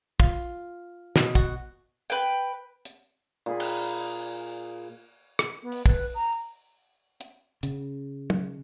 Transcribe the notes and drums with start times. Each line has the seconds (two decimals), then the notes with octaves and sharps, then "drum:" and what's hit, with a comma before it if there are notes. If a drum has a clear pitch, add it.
0.20 F4, drum: kick
1.16 B2, drum: snare
1.35 F#4, drum: kick
2.10 B4 G5
2.85 drum: hi-hat
3.46 A#2 G#4 B5
3.60 drum: cymbal
5.39 drum: rim click
5.63 B3
5.72 drum: open hi-hat
5.86 B4, drum: kick
6.14 A#5
7.21 drum: hi-hat
7.63 C#3, drum: hi-hat
8.30 drum: tom